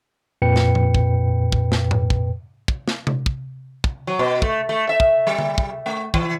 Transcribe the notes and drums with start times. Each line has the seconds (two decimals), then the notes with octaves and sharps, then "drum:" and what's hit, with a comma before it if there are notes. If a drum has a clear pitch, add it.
0.42 F2 A#2 B4 G5 C#7
0.56 drum: snare
0.75 drum: tom F3
0.95 drum: kick
1.52 drum: kick
1.72 drum: snare
1.91 drum: tom G#2
2.10 drum: kick
2.68 drum: kick
2.88 drum: snare
3.07 drum: tom C3
3.26 drum: kick
3.84 drum: kick
4.07 F#3
4.19 B2
4.42 A3, drum: kick
4.69 A3
4.89 E5
5.00 drum: kick
5.27 G3
5.38 drum: tom D3
5.58 drum: kick
5.86 A3
6.14 E3, drum: kick